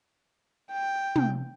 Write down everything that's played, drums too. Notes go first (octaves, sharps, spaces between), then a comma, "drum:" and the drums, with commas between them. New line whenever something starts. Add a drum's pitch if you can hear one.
G5
C3, drum: tom